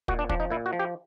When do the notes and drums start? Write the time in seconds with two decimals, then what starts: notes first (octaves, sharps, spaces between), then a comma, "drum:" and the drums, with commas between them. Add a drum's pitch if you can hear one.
0.08 A#2 F#4, drum: kick
0.19 D4
0.29 F3 D4, drum: kick
0.40 D#4
0.50 A#2 E4
0.66 F#4
0.73 F3
0.79 G4